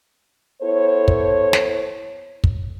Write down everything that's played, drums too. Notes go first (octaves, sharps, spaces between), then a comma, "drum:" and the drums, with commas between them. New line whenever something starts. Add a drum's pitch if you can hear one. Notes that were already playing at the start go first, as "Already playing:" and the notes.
B3 E4 A4 C5 C#5
drum: kick
drum: snare
drum: kick